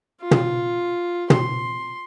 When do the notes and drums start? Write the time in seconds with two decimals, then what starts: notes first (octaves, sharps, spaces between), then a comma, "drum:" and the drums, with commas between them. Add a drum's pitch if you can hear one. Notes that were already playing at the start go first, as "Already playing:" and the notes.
0.21 F4
0.31 drum: tom
1.30 C6, drum: tom